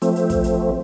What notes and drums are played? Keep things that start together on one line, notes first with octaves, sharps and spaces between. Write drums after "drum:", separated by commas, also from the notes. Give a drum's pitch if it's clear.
F3 A3 C4, drum: hi-hat
drum: hi-hat
drum: kick, hi-hat
drum: hi-hat